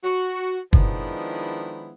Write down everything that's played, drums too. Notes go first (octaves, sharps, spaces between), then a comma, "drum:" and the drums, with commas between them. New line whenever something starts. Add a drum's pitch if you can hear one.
F#4
D#3 F3 G#3 B3 D4 E4, drum: kick